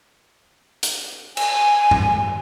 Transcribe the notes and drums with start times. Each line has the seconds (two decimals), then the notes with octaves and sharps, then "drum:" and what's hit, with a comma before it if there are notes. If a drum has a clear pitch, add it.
0.83 drum: hi-hat
1.37 G#5, drum: cymbal
1.91 drum: tom F#2